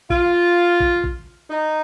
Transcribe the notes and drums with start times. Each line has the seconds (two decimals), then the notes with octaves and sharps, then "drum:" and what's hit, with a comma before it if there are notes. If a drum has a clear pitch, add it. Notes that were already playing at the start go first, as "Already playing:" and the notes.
0.10 F4, drum: kick A#1
0.80 drum: kick A#1
1.04 drum: kick A#1
1.50 D#4